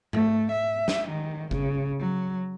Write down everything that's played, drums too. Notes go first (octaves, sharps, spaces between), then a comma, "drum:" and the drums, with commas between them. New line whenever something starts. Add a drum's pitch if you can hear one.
A3, drum: tom G#2
E5
drum: snare
D#3
C#3, drum: kick G1
F#3